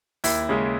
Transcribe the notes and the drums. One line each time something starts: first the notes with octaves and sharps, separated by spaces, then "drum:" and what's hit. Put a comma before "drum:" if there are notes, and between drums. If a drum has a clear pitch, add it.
D#2 E4, drum: open hi-hat
C#3 G#3